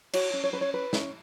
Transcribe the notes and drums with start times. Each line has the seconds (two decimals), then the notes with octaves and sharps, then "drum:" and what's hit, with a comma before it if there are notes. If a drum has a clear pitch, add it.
0.13 F#4 C#5, drum: cymbal
0.33 C#4
0.44 C#5
0.53 C#4 B4
0.61 C#5
0.74 B4
0.93 C#4, drum: snare